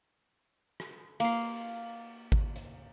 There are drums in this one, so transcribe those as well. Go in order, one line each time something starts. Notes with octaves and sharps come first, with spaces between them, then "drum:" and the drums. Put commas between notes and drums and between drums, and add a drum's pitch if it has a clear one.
drum: rim click
A#3 C6, drum: cymbal
drum: kick G#1
drum: hi-hat